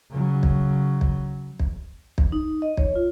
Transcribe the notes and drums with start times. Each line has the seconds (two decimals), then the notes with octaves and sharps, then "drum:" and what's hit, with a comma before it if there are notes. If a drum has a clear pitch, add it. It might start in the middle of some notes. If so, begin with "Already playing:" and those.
0.11 C#3 F#3
0.43 drum: kick
1.01 drum: kick
1.59 drum: kick
2.18 drum: kick
2.32 D#4
2.62 D#5
2.77 C#5, drum: kick
2.96 F4